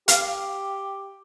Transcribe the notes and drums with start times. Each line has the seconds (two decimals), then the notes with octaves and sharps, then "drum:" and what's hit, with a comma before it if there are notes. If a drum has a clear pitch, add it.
0.08 G4 F5, drum: hi-hat